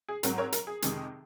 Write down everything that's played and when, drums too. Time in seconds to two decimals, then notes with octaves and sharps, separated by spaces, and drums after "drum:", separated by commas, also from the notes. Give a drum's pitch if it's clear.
0.09 G#4
0.23 G#2 F#3 C4 A#4, drum: hi-hat
0.38 A#4 C#5
0.52 A#4, drum: hi-hat
0.67 G#4
0.82 F2 C3 D#3 G#3, drum: hi-hat